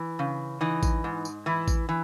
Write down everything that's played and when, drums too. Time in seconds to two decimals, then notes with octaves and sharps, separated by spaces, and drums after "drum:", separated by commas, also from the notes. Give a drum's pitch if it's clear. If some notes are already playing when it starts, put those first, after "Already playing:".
Already playing: E3
0.19 C#3
0.61 E3 D#4
0.83 drum: kick A1, tambourine
1.04 G#2
1.25 drum: tambourine
1.46 E3 E4
1.68 drum: kick A1, tambourine
1.89 E3